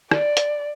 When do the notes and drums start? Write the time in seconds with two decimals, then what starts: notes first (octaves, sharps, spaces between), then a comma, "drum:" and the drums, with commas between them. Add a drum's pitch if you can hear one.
0.11 D5, drum: rim click
0.37 drum: hi-hat